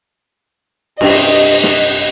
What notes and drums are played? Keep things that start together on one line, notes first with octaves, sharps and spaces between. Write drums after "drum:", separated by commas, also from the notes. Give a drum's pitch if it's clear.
G2 C3 D#5 E5, drum: cymbal
drum: snare